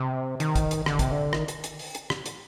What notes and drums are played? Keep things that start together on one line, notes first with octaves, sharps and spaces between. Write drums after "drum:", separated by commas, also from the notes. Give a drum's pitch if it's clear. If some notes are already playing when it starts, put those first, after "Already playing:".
Already playing: C3
D#3, drum: hi-hat
drum: kick, hi-hat
drum: hi-hat
D3, drum: rim click
C3, drum: kick, hi-hat
D3
D#3, drum: rim click
drum: hi-hat
drum: hi-hat
drum: open hi-hat
drum: hi-hat
drum: rim click
drum: hi-hat